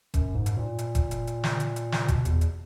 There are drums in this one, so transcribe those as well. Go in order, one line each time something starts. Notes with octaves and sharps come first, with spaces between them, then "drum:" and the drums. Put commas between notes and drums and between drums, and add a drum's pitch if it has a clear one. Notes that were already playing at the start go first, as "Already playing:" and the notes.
F#2, drum: kick F#1, hi-hat
G#2
drum: hi-hat
A#2
drum: hi-hat
drum: kick F#1, hi-hat
drum: hi-hat
drum: hi-hat
drum: snare
drum: hi-hat
drum: hi-hat
drum: snare
B2, drum: kick F#1, hi-hat
E2, drum: hi-hat
drum: hi-hat